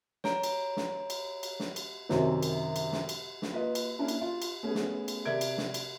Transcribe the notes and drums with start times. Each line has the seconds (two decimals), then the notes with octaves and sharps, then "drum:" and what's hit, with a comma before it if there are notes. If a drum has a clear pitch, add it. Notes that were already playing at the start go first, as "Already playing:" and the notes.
0.24 C#5 A#5 D7, drum: snare
0.43 drum: cymbal
0.77 drum: snare
1.10 drum: cymbal
1.43 drum: cymbal
1.60 drum: snare
1.76 drum: cymbal
2.09 F#2 C3 D#3, drum: snare
2.43 drum: cymbal
2.76 drum: cymbal
2.92 drum: snare
3.09 drum: cymbal
3.42 drum: snare
3.52 A#3 F4 B4 D#5
3.75 drum: cymbal
3.99 A#3 C#4 D4 E4
4.08 drum: cymbal
4.21 F4
4.42 drum: cymbal
4.63 A3 B3 C#4 G#4
4.75 drum: snare
5.08 drum: cymbal
5.25 C3 A#4 D5 E5 G#6 D7
5.41 drum: cymbal
5.58 drum: snare
5.74 drum: cymbal